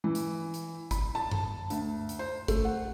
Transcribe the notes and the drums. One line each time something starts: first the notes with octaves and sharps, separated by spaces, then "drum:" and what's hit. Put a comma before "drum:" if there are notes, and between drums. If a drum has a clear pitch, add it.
E3
drum: hi-hat
drum: hi-hat
B5, drum: kick G#1, hi-hat
A5
drum: tom F#2
D2, drum: hi-hat
drum: hi-hat
C5
A3, drum: kick G#1, hi-hat
F#5